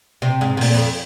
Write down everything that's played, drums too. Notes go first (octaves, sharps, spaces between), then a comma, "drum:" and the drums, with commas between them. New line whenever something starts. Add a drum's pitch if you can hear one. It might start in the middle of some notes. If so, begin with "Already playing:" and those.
C3
G#2
C3
A#2, drum: open hi-hat
F2